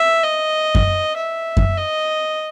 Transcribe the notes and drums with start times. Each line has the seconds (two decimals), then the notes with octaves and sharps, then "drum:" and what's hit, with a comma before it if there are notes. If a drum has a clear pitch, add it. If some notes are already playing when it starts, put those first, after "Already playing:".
Already playing: E5
0.23 D#5
0.75 drum: kick F#2
1.16 E5
1.57 drum: kick F#2
1.77 D#5